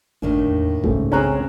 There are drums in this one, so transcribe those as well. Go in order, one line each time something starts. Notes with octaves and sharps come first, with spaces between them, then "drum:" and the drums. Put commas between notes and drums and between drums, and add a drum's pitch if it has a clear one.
G#1 D#2 A2 D3 D#3
E2
C2 G#2 C#3 A3, drum: kick F#1
C#3 G#3 C4 C#4 G#4 A#5 F#6